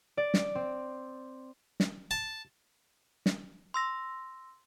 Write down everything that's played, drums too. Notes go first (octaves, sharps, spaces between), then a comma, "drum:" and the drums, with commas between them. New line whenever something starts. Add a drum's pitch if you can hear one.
D5
drum: snare
C4
drum: snare
A5
drum: snare
C6 E6 A#6